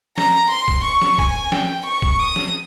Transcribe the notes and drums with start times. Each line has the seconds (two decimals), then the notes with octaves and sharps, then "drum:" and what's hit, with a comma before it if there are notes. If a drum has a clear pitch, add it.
0.18 A#5, drum: snare
0.51 C6
0.68 drum: kick
0.85 C#6
1.02 drum: snare
1.18 G#5, drum: kick
1.52 G5, drum: snare
1.86 C#6
2.02 drum: kick
2.20 D#6
2.36 drum: snare